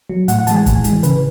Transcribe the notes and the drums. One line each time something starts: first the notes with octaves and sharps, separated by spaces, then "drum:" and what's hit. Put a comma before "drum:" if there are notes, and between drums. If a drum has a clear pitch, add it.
F#3
A2 F#5, drum: hi-hat
F#5
E3 G#3 A5, drum: hi-hat
G#5
A2, drum: kick, hi-hat
E3 G#3, drum: hi-hat
C#3 B4, drum: hi-hat